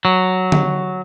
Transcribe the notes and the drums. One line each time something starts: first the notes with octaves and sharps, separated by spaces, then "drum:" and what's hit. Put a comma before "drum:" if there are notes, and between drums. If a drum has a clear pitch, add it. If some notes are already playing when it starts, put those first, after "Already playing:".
F#3
drum: tom D3